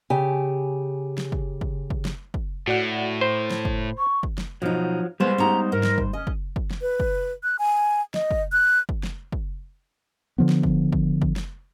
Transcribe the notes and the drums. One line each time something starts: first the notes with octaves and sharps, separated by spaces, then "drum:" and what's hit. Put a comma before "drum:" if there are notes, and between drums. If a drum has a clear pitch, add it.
C#3 G4 G#5
drum: snare
drum: kick
drum: kick
drum: kick
drum: snare
drum: kick
A2 F#4 D5 F#5
C5 B5
drum: snare
drum: kick
C#6
drum: kick
drum: snare
B2 F3 F#3 D#4
G3 G#3 B3 C5
G#3 B3 C#4 D#4 G4 A#5
G#2 A#4
drum: snare
drum: kick
C#4 D#5
drum: kick
drum: kick
drum: snare
B4
drum: kick
F#6
G#5
D#5, drum: snare
drum: kick
F#6
drum: kick
drum: snare
drum: kick
D3 F3 B3
drum: snare
drum: kick
drum: kick
drum: kick
drum: snare